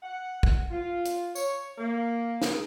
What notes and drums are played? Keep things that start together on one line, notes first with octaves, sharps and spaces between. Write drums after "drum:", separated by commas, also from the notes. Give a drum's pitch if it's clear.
F#5
drum: kick
F4
drum: hi-hat
C#5, drum: tambourine
A#3
G#4, drum: snare